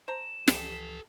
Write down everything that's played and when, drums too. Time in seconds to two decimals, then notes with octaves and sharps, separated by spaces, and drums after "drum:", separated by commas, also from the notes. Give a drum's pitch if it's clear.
0.08 C5 A5 A#5 E7
0.48 C#2 E3 F3 G4 A4, drum: snare